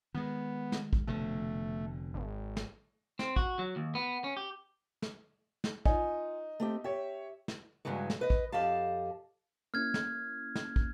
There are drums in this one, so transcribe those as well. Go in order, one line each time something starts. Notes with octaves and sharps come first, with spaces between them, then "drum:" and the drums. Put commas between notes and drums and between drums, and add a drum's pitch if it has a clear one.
D#3 G#3 B3
drum: snare
drum: kick
F1 B2 D3 A3
G#1
drum: snare
C4, drum: snare
F#4, drum: kick
F#3
D#2
B3
C#4
G4
drum: snare
drum: snare
D#4 F4 G#5, drum: kick
A3 C4 G4
G4 C#5 E5
drum: snare
G2 C#3 E3 F#3 G#3
drum: snare
B4 D#5
drum: kick
F2 G4 D#5 F5 A5
A#3 C#4 E4 F6 G#6
drum: snare
drum: snare
drum: kick